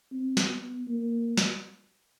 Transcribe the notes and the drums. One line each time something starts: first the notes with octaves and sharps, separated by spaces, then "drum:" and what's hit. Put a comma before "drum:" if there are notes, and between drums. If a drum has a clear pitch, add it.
C4
drum: snare
B3
A#3
drum: snare